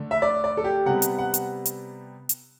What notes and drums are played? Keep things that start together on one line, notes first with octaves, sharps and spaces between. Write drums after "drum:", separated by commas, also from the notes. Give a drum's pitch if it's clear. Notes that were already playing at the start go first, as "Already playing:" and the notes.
Already playing: D3 A3 D4
E5
D5
D5
A4
G4
C3 G3 B3 F#5
drum: hi-hat
F#5
drum: hi-hat
drum: hi-hat
drum: hi-hat